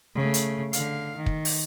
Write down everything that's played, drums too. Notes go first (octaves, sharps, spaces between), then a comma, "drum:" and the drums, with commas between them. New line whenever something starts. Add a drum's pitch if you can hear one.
C#3 A3
drum: hi-hat
D3 F5, drum: hi-hat
D#3
drum: kick
drum: open hi-hat